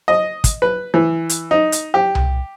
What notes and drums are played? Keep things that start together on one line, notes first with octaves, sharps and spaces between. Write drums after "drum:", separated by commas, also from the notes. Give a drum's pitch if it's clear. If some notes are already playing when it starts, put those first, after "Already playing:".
D#5
drum: kick, hi-hat
B4
E3
drum: hi-hat
D#4
drum: hi-hat
G4
drum: tom C2